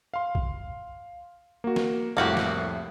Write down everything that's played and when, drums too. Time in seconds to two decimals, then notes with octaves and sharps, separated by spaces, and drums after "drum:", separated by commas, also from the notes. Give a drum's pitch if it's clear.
0.14 F5 C6
0.35 drum: kick B1
1.64 A#3 F#4
1.76 drum: snare
2.17 C2 F2 A2 A#3 F#4 G4
2.37 drum: snare